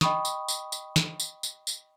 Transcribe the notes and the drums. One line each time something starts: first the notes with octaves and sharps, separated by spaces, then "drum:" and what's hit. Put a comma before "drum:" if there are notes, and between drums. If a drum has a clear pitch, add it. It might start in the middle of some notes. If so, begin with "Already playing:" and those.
D#5 G5 B5 C#6 D#6, drum: snare
drum: tambourine
drum: tambourine
drum: tambourine
drum: snare
drum: tambourine
drum: tambourine
drum: tambourine